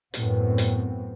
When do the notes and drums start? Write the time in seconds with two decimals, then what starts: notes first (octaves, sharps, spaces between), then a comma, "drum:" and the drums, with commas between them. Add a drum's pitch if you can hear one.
0.14 F#2 A2 B3 C4, drum: hi-hat
0.58 drum: hi-hat